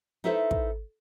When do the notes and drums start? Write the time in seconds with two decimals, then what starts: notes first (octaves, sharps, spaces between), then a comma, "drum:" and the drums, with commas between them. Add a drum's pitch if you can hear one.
0.24 D#4 E4 A4 B4 C5 E5
0.51 drum: kick